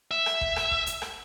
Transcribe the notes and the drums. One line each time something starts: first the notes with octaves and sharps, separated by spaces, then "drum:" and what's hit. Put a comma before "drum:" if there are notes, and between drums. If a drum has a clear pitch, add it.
E5
drum: rim click
drum: kick
drum: rim click
drum: kick
drum: hi-hat
drum: rim click